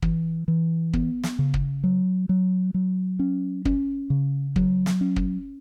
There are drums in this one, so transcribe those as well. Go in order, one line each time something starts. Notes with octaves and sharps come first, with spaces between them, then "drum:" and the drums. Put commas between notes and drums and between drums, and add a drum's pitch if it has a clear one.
E3, drum: kick
E3
B3, drum: kick
drum: snare
C#3
drum: kick
F#3
F#3
F#3
C#4
C#4, drum: kick
C#3
F#3, drum: kick
drum: snare
C#4
drum: kick